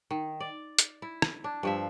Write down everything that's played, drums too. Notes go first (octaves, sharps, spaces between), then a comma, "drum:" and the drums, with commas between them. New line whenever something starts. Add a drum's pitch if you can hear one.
D#3
D5
drum: hi-hat
E4
drum: rim click
D4
G2 F3 E5